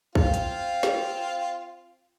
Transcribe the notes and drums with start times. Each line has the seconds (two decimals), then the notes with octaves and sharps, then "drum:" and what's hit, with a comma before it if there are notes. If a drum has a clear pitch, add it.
0.15 C4 F4 F5, drum: kick
0.34 drum: hi-hat
0.83 drum: snare